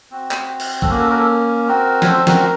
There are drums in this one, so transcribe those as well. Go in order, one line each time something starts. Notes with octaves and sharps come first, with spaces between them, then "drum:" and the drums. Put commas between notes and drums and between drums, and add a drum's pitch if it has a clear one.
C4 F#4
drum: clap
drum: cymbal
A4, drum: kick
A#3 C#4 F#4
A4
F#4 A#4
A4
C4 F#4 A#4
C#5, drum: snare
A4 C5
F#4 A#4, drum: snare